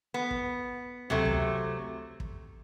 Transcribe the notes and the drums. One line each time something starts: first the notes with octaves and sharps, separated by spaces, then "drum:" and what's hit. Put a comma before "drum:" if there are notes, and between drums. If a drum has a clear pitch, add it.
B3
drum: kick
C3 F#3 A3, drum: tom C#2
drum: kick
drum: kick